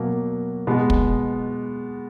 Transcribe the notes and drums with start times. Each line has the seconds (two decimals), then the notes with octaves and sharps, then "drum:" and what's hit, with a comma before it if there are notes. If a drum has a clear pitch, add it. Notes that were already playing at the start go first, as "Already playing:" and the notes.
Already playing: B2 F#3 A#3
0.67 B2 G#3 B3
0.90 drum: kick